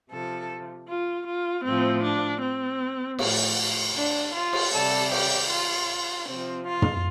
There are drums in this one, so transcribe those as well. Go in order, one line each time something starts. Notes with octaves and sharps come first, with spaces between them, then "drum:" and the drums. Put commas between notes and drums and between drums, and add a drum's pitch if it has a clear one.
C3 F3 A4
F4
F4
A2 F3 C4
D4
C4
A2 F3, drum: cymbal
D4
F4
drum: cymbal
C3 G3 A4
G4, drum: cymbal
F4
C3 F3 C4
F4
drum: tom